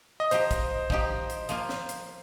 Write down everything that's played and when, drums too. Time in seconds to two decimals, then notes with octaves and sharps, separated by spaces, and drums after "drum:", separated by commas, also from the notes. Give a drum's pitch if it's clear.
0.20 D#5
0.31 F3 D#4 G4 C5, drum: hi-hat
0.51 drum: kick, hi-hat
0.90 F3 D#4 G4, drum: kick
1.30 drum: hi-hat
1.49 F3 A#3 F4, drum: hi-hat
1.69 drum: snare
1.89 drum: hi-hat